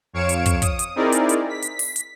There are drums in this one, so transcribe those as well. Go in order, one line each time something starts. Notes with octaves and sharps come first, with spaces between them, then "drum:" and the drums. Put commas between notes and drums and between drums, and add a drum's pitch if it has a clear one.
F2 C#5 F5 C#7 D7 E7
drum: hi-hat
drum: kick, hi-hat
D#6, drum: kick, hi-hat
drum: hi-hat
C4 D#4 E4 G#4 A#4 D5
drum: hi-hat
drum: hi-hat
B6
drum: hi-hat
drum: open hi-hat
drum: hi-hat